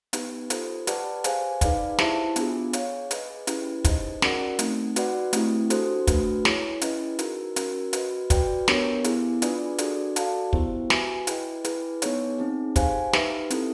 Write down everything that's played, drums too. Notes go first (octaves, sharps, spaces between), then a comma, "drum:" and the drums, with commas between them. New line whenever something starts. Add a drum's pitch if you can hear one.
B3 D#4 G4 B4, drum: hi-hat
F4 A4 C5, drum: hi-hat
G4 B4 D5 F#5 A5, drum: hi-hat
G#4 C5 F5 G#5, drum: hi-hat
D#4 G#4 B4 D5 F5, drum: kick, hi-hat
E4 G4 C5 E5 A5, drum: snare
B3 D4 F4 G#4, drum: hi-hat
G#4 C#5 F5, drum: hi-hat
G#4 B4 D#5, drum: hi-hat
C#4 E4 G4 B4, drum: hi-hat
D#4 G#4 C5 D#5, drum: kick, hi-hat
C#4 F#4 A#4 D5 F#5, drum: snare
A3 C4 D#4, drum: hi-hat
F#4 B4 D5 F#5, drum: hi-hat
A3 C4 E4 G4, drum: hi-hat
D4 F#4 A4 C5, drum: hi-hat
A3 D4 F#4 B4, drum: kick, hi-hat
E4 G#4 C#5, drum: snare
C#4 E4 G#4 B4 D#5, drum: hi-hat
D#4 F#4 A#4, drum: hi-hat
C#4 F#4 A#4, drum: hi-hat
F#4 B4 D#5, drum: hi-hat
F#4 B4 D5 G5, drum: kick, hi-hat
B3 D4 G4 A#4 C#5, drum: snare
B3 E4 G#4, drum: hi-hat
D4 F4 G#4 B4 D5, drum: hi-hat
D4 F#4 A4 D5, drum: hi-hat
F#4 A4 D5 F5 A5, drum: hi-hat
B3 E4 G4 C5, drum: kick
F#4 B4 E5 G#5, drum: snare
E4 G#4 B4 D#5 G5, drum: hi-hat
E4 G#4 B4, drum: hi-hat
B3 D#4 G#4 C#5, drum: hi-hat
C4 D#4 G#4
G4 C5 F5 G#5, drum: kick, hi-hat
D#4 G4 B4 E5, drum: snare
C4 E4 A4, drum: hi-hat